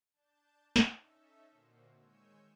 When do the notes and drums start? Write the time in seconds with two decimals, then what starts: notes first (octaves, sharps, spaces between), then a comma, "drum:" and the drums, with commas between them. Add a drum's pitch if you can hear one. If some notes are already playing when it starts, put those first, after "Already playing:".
0.13 D4 A5 G6 A6
0.76 drum: snare
0.88 C#4 D#4 A4 E5
1.49 A#2 D3 A#3 C4 F4 F#4
1.92 D#3 G#3 C#5 G#5 E6 G6